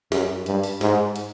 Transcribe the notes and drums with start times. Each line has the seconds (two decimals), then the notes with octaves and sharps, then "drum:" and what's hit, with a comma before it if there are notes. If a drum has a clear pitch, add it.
0.12 F#2, drum: snare
0.46 G2, drum: hi-hat
0.63 drum: open hi-hat
0.81 G#2, drum: snare
1.16 drum: hi-hat